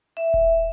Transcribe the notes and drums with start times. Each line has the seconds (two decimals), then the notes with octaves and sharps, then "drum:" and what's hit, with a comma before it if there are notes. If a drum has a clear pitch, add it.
0.17 E5
0.34 drum: kick D#1